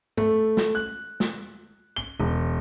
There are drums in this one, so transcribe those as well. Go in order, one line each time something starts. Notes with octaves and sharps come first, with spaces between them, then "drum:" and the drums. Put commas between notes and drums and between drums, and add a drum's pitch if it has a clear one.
A3, drum: tom G#2
drum: snare
F#6
drum: snare
G7
E1